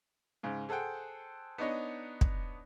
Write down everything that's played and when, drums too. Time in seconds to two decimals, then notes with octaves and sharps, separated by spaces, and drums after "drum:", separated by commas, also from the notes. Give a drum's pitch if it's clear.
0.43 G#2 C#3
0.69 G#4 A4 C5 F#5 G5
1.58 B3 D4 D#4 C#5 D#5
2.21 drum: kick